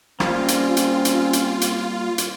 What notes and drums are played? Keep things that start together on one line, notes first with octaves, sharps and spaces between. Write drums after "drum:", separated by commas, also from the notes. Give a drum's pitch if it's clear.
G3 A#3 C4 C#4 F4, drum: rim click
drum: hi-hat
drum: hi-hat
drum: hi-hat
drum: hi-hat
drum: hi-hat
drum: hi-hat